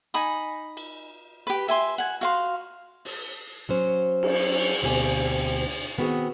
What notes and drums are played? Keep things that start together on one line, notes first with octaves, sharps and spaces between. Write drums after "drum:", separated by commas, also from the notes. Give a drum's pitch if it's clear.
D#4 G#5 B5 D#6
drum: cymbal
G4 B4
E5 G#5 C6, drum: cymbal
F#5 G#5
F#4 F5 C6
drum: open hi-hat
F#3 C#4 C5
drum: cymbal
D2 B2 C4 G4 G#5
D#3 B3 C4 F#4 G#4